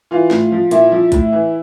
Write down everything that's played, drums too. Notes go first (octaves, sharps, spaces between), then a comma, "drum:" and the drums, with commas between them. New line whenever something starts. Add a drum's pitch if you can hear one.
E3 F4 F5
A2, drum: snare
F3
A#2 E4 E5, drum: hi-hat
F3
A2, drum: kick, hi-hat
E3